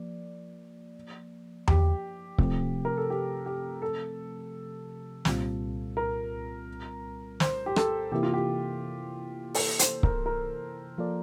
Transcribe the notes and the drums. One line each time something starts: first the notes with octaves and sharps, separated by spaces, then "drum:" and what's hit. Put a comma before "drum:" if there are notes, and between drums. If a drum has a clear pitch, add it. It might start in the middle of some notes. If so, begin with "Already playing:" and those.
Already playing: F3 A#3 D5
G4, drum: tom E2
C3 F3 A3 C4, drum: kick C#1
A#4
A4
G4
G4
A4
C2 A#2 G3 C4 F4, drum: snare
A#4
C5, drum: snare
G4
A4, drum: rim click
C3 E3 A#3 E4 G4
F4
G4
A4, drum: open hi-hat
C5, drum: hi-hat
A#4, drum: kick C#1
A#4
F3 A#3 F4 A4 D5